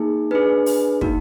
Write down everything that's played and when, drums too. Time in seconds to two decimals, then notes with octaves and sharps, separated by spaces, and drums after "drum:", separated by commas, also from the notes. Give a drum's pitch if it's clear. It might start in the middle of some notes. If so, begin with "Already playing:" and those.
Already playing: A#3 D#4 G#4
0.31 D4 G#4 B4
0.66 drum: open hi-hat
1.01 A#3 D#4 F#4, drum: kick